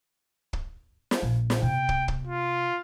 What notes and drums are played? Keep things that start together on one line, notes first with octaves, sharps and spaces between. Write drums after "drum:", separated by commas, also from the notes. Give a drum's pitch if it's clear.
drum: kick
drum: snare
A#1
drum: snare
C3 B3 G5
drum: kick
drum: kick
F4